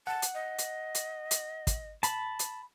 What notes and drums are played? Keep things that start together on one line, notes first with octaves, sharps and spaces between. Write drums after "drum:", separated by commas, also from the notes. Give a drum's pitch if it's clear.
F#5 A5
drum: hi-hat
D#5
drum: hi-hat
drum: hi-hat
drum: hi-hat
drum: kick, hi-hat
A5 B5, drum: hi-hat
drum: hi-hat